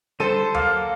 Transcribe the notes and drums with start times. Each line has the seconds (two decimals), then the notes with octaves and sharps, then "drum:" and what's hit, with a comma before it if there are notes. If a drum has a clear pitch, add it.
0.20 D3 G3 A4 C5 A5 D#7
0.54 F#3 A#3 F5 D6 E6, drum: tom D2